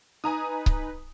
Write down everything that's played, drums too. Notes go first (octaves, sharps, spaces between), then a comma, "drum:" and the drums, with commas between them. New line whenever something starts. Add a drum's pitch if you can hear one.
D#4 B4 G#5 A#5 D#6
drum: kick C#1